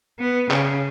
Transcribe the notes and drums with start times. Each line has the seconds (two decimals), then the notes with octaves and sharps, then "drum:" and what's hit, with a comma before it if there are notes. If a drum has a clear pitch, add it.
0.17 B3
0.51 C#3, drum: clap